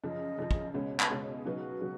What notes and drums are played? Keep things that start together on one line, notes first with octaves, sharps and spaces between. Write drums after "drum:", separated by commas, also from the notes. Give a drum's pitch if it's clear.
F#2 C#3 F3 D#5
F#2 C#3 F3
drum: kick
C#2 B2 G#3 C#4 C#5
B4, drum: clap
C#2 B2 G#3 C#4 C#5
C#5
G#4
C#3 F#3 B3 D#4 F#4
C#3 F#3